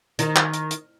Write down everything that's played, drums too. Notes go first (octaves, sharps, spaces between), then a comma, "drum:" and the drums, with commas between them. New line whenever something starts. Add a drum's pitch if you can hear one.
D#3, drum: hi-hat
drum: clap
drum: hi-hat
drum: hi-hat